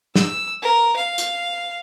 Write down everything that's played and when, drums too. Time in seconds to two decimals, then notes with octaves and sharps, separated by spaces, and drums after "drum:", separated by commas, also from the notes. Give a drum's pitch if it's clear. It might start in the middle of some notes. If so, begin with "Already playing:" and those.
0.16 E6, drum: snare
0.62 A#4
0.96 F5
1.18 drum: hi-hat